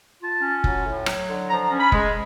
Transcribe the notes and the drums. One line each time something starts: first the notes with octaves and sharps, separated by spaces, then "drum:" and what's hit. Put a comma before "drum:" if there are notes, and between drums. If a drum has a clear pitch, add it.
F4 A5
C#4
F#3, drum: kick F#1
A2
F#3, drum: rim click
D3
F3 A#5
A#5
C#4
B5
G#3, drum: kick F#1